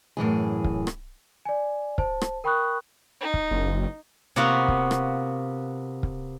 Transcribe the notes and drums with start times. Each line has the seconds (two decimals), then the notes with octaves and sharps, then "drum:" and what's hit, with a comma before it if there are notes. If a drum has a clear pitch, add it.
0.17 F#2 A2 E3 G#4
0.64 drum: kick
0.87 drum: rim click
1.45 D5 G#5
1.98 C5 A5, drum: kick
2.22 drum: rim click
2.44 A#4 G5 B5 C#6 D#6 F#6
3.20 D#4
3.34 drum: kick
3.51 F#1
4.36 C3 A#3 B3 F4 F#4 F5
4.68 drum: kick
4.91 drum: rim click
6.03 drum: kick